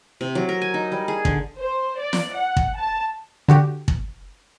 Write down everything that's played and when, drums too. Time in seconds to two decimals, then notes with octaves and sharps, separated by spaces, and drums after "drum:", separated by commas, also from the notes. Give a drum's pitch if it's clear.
0.21 C3
0.35 F#3
0.49 A#4
0.62 G#5
0.74 D#4
0.92 G3
1.08 G#4
1.25 D3, drum: kick
1.57 C5
2.00 D5
2.13 drum: snare
2.35 F#5
2.57 drum: kick
2.77 A5
3.49 D3 F#4 G4
3.88 drum: kick